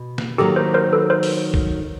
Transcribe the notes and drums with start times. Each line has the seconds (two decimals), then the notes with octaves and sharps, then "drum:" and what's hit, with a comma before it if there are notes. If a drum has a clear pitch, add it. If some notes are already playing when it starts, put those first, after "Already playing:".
Already playing: B2
0.18 drum: snare
0.38 D#3 F#3 A#3 G4 A4
0.56 A#4 C5
0.74 A#4 C5
0.93 A4 B4
1.10 A#4 C5
1.23 drum: open hi-hat
1.54 drum: kick